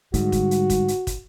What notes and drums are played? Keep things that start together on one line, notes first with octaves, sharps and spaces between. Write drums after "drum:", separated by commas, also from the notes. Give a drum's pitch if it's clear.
G#2 D3 G3 F#4, drum: hi-hat
drum: kick, hi-hat
drum: hi-hat
drum: kick, hi-hat
drum: hi-hat
drum: kick, hi-hat